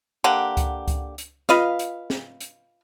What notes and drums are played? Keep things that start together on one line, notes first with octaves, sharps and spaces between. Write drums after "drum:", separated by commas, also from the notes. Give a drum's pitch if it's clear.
D3 A#3 G4 F#5
drum: kick C#2, hi-hat
drum: kick C#2, hi-hat
drum: hi-hat
F4 B4 D#5 F5, drum: snare
drum: hi-hat
drum: snare
drum: hi-hat